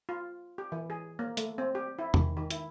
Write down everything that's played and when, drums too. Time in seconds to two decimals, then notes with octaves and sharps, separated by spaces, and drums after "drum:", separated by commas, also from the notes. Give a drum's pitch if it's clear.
0.09 F4
0.58 G4
0.72 E3
0.90 G#4
1.19 A#3
1.37 A3, drum: hi-hat
1.58 C4
1.75 G4
1.99 E4
2.14 D#3, drum: tom E2
2.37 D#3
2.50 E4, drum: hi-hat